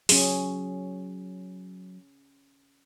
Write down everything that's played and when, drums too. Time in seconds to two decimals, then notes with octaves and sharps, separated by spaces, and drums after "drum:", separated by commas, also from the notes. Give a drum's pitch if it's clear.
0.09 F#3 C#4 G#4, drum: open hi-hat